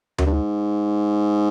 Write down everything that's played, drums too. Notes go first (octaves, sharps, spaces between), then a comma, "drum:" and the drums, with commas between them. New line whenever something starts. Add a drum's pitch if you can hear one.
F#2, drum: tom D2
G2
G#2